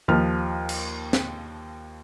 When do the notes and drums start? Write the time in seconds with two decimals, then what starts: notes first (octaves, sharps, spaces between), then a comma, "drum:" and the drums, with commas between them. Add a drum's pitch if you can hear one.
0.08 D#2 F3 F6
0.69 drum: cymbal
1.13 drum: snare